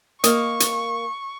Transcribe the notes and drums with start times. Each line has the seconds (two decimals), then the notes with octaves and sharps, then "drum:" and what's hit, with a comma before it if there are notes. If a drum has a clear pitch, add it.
0.24 A#3 D#5 F5 C#6, drum: hi-hat
0.60 drum: hi-hat